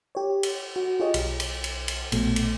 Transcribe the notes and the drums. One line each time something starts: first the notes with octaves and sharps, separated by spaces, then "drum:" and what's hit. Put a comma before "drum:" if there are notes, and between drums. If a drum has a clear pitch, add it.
G4 C#5
drum: cymbal
F#4
F4 G4 G#4 C#5 D#5
B1, drum: cymbal
drum: cymbal
drum: cymbal
drum: cymbal
A#1 B2 A3, drum: cymbal
drum: cymbal